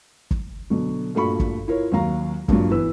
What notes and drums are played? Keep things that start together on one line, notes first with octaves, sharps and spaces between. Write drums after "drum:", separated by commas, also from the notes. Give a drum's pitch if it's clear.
drum: kick
B2 D3 F#3
G2 A#2 A3 F#4 B5 C#6
drum: kick
E4 F4 A#4 C#5
D#2 F#3 F5 A#5
G2 A#2 F#3, drum: kick
B1 E3 B4 E6